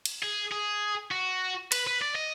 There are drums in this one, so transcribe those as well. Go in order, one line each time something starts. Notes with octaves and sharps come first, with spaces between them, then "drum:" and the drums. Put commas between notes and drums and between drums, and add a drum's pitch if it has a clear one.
drum: cymbal
G#4
G#4
F#4
B4, drum: cymbal
B4
D5
D#5